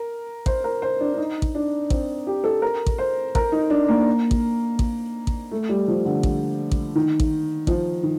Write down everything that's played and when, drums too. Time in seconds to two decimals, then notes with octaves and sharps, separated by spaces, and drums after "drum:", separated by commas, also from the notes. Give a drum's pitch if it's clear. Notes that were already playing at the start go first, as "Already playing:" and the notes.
Already playing: A#4
0.46 C5, drum: kick A1
0.64 A#4
0.82 C5
1.00 D4
1.13 D4
1.17 D#4
1.42 drum: kick A1
1.55 D4
1.90 C4, drum: kick A1
2.27 G4
2.44 A4
2.62 A#4
2.86 drum: kick A1
2.98 C5
3.35 A#4, drum: kick A1
3.52 D#4
3.70 D4
3.88 A#3
4.31 drum: kick A1
4.79 drum: kick A1
5.27 drum: kick A1
5.51 A3
5.69 G3
5.88 F3
6.05 D3
6.23 drum: kick A1
6.71 drum: kick A1
6.96 D#3
7.20 drum: kick A1
7.67 F3, drum: kick A1
8.03 D#3